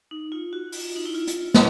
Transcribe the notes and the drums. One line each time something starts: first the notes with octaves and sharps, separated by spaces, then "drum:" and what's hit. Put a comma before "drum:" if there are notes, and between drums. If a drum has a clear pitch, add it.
D#4
F4
F#4
F4, drum: open hi-hat
D#4
E4
F4
drum: hi-hat
E4, drum: snare